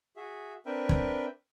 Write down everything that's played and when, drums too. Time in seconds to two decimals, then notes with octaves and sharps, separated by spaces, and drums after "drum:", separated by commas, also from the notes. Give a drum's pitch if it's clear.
0.17 F#4 G#4 E5
0.66 C4 D4 A#4 B4 E5 G5
0.89 drum: kick